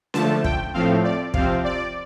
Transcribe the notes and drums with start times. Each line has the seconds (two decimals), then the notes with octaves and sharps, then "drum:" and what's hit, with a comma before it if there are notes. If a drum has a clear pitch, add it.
0.14 D3 F3 A3 A5, drum: snare C#4
0.44 G5, drum: kick
0.74 A2 F3 A3 C4 F5
1.04 D5
1.34 C3 F3 C4 F5, drum: kick
1.64 D5